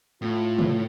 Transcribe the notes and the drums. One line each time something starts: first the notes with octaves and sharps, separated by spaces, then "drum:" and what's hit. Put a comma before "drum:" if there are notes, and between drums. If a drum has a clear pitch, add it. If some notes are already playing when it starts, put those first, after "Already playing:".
A2 F4
drum: tom